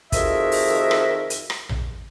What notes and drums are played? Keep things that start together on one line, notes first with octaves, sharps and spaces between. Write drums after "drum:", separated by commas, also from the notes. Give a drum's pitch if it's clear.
F2 D#3 F#4 G#4 A#4 E5, drum: kick, hi-hat
drum: open hi-hat
drum: rim click
drum: hi-hat
drum: rim click
drum: tom A#1